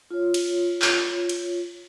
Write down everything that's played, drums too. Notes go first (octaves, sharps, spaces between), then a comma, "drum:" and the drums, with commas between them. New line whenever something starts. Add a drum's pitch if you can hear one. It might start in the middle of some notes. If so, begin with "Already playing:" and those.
F4 C#5
drum: cymbal
drum: clap
drum: cymbal